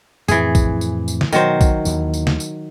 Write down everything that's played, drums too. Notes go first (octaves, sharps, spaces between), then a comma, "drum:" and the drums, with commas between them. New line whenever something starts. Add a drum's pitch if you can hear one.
F2 A2 E3 C4 G#4, drum: tambourine
drum: kick, tambourine
drum: tambourine
drum: tambourine
drum: snare
B2 D#3 F#3 C5, drum: tambourine
drum: kick, tambourine
D#2 E3, drum: tambourine
drum: tambourine
drum: snare
drum: tambourine